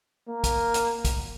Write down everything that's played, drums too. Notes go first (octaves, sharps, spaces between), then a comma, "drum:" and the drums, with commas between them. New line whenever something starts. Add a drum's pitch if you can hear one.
A#3
drum: kick, hi-hat
drum: hi-hat
drum: kick, hi-hat